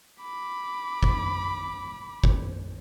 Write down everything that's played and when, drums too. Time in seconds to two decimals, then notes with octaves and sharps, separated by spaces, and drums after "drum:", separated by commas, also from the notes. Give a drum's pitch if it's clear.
0.22 B5 D6
1.03 drum: kick
2.24 drum: kick